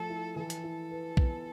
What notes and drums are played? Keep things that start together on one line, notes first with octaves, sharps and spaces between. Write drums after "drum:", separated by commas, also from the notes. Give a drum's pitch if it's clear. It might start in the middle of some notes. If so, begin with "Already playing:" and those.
Already playing: F3 A3 A4
E4
E3 A4
drum: hi-hat
E4
B4
B3, drum: kick B1